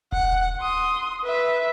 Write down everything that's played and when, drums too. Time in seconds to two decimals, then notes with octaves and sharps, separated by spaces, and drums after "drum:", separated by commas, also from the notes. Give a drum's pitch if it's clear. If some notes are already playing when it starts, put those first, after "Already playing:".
0.12 F#5, drum: kick D#1
0.61 C6 D#6
1.24 B4 E5